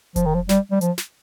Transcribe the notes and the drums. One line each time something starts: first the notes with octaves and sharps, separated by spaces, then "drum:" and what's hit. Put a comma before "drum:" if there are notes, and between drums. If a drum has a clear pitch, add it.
F3, drum: kick F1, hi-hat
D#3
F3
G3, drum: snare
G3
F3, drum: hi-hat
drum: snare